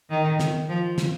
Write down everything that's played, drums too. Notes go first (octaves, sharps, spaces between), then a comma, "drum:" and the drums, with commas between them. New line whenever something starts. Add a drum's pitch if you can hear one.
D#3
drum: snare
F3
drum: snare